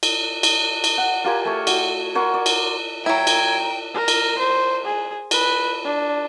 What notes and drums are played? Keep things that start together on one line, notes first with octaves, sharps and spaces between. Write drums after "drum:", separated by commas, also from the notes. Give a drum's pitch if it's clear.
drum: cymbal
drum: cymbal
drum: cymbal
F#5
F4 G4 A#4 G#5
A3 C#5
F#4, drum: cymbal
A#4 C#5 F#5 C6
D5
drum: cymbal
F#3 E4 G5 A#5 G#6
drum: cymbal
A#4
drum: cymbal
C5
G#4
B4, drum: cymbal
D4